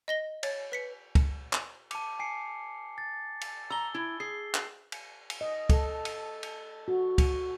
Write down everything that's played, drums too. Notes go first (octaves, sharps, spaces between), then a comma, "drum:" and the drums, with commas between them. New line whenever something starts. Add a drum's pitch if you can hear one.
D#5 A#6 G7
C#5 A6, drum: cymbal
B4 B6 C#7
drum: kick, cymbal
drum: clap
A5 D6, drum: cymbal
G#5 C7 C#7
A6
drum: cymbal
A#5 E6 G7
E4
G#4 C7
drum: clap
drum: cymbal
drum: cymbal
D#5
A4, drum: kick, cymbal
drum: cymbal
drum: cymbal
F#4
drum: kick, cymbal